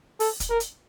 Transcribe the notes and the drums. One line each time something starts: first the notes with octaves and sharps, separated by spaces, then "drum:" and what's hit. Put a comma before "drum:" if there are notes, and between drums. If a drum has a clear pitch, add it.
A4, drum: open hi-hat
drum: kick, hi-hat
A#4
drum: hi-hat